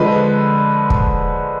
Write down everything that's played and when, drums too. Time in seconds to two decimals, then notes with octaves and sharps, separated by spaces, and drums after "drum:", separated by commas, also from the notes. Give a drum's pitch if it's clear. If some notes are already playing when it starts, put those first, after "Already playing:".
Already playing: D3 F3 G#3 B4
0.90 drum: kick